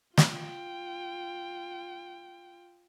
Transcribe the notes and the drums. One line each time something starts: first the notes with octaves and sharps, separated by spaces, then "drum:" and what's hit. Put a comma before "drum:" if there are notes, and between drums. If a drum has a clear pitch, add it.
F4 G5, drum: snare